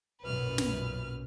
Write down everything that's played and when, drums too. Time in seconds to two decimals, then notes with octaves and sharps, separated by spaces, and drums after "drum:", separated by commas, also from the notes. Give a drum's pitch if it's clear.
0.22 B1 F#2 A#2 B4 F6
0.58 drum: snare